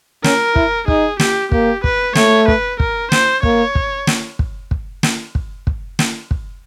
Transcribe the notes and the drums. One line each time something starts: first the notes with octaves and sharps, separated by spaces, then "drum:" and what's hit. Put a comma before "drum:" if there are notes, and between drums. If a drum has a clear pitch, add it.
C#4 A#4, drum: snare
E4, drum: kick
D#4 G#4, drum: kick
G4, drum: snare
A#3 G4, drum: kick
B4, drum: kick
A3 C#5, drum: snare
B4, drum: kick
A#4, drum: kick
C5, drum: snare
A#3 C#5, drum: kick
drum: kick
drum: snare
drum: kick
drum: kick
drum: snare
drum: kick
drum: kick
drum: snare
drum: kick